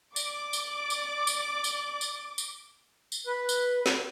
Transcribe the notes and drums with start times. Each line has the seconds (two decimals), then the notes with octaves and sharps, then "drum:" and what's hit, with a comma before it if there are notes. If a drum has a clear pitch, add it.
0.16 D5 D6, drum: tambourine
0.53 drum: tambourine
0.90 drum: tambourine
1.27 drum: tambourine
1.64 drum: tambourine
2.01 drum: tambourine
2.38 drum: tambourine
3.12 drum: tambourine
3.27 B4
3.49 drum: tambourine
3.86 drum: snare